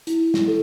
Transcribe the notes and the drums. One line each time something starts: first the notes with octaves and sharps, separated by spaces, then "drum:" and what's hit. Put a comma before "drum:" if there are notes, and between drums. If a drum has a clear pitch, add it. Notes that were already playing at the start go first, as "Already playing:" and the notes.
E4, drum: hi-hat
drum: snare
A4